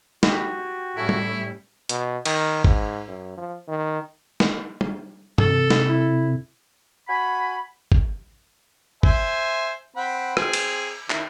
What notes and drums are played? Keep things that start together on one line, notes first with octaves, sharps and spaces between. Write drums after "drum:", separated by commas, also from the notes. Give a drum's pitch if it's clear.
F#4 G4 G#5, drum: snare
A2 G3 A3 C#4 E4
drum: tom G3
B2, drum: hi-hat
D#3, drum: cymbal
G#2, drum: kick
F#2
F3
D#3
drum: snare
drum: tom G3
C3 A4, drum: tom G2
drum: snare
E4
F#4 F#5 G#5 B5
drum: kick
C5 E5 G#5, drum: kick
C4 F#5 B5
C4 G#4, drum: rim click
drum: cymbal
D#3 E4, drum: clap